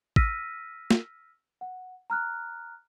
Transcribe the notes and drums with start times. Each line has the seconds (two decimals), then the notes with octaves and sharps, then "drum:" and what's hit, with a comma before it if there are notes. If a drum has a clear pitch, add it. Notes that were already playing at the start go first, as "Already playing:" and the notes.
0.16 E6 F6 A#6 B6 D#7, drum: kick
0.91 drum: snare
1.61 F#5
2.10 A#5 F6 F#6